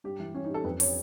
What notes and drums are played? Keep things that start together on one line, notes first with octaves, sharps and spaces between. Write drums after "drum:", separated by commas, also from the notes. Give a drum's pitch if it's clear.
G2 G4
E3
G2 C#4
D#4
G2
A4
F2 B4
C#5, drum: open hi-hat